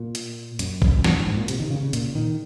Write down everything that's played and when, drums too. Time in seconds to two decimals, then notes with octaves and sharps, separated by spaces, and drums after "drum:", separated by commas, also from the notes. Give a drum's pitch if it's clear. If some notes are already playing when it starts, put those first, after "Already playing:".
Already playing: A#2
0.15 drum: hi-hat
0.59 F#2, drum: hi-hat
0.82 drum: kick
0.98 F2
1.04 F#2, drum: snare
1.15 G#2
1.27 G#2
1.37 A#2
1.48 C3, drum: hi-hat
1.60 D#3
1.71 C#3
1.83 C#3
1.93 A#2, drum: hi-hat
2.15 D#3